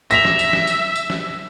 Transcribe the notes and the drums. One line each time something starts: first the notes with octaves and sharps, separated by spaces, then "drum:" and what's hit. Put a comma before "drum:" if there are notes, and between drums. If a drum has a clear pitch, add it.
E5 A#6 B6 F7, drum: tambourine
drum: snare
drum: tambourine
drum: snare
drum: tambourine
drum: tambourine
drum: snare